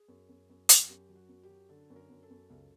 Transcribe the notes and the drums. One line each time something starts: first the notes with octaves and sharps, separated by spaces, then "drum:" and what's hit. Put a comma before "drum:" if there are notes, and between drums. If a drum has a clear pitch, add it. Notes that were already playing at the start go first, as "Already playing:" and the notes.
Already playing: G#4
F#2
F#2
F#2
F#3, drum: hi-hat
F#2 G4
F#3
F#4
F#2
G4
F#3
D3 A4
F#2
A#4
F#2
A4
F#2
C#2 A4